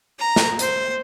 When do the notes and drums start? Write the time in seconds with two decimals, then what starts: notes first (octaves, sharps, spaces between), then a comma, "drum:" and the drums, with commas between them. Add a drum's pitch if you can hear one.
0.19 A#5
0.36 drum: snare
0.59 C5, drum: hi-hat